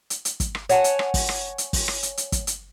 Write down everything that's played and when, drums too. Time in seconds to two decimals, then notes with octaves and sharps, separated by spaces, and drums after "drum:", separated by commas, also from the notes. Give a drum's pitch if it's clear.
0.10 drum: hi-hat
0.25 drum: hi-hat
0.40 drum: kick, hi-hat
0.55 drum: rim click
0.69 C#5 F#5 G#5 A5, drum: hi-hat
0.84 drum: hi-hat
0.99 drum: rim click
1.14 drum: kick, open hi-hat
1.29 drum: rim click
1.58 drum: hi-hat
1.73 drum: kick, open hi-hat
1.88 drum: rim click
2.03 drum: hi-hat
2.17 drum: hi-hat
2.32 drum: kick, hi-hat
2.47 drum: hi-hat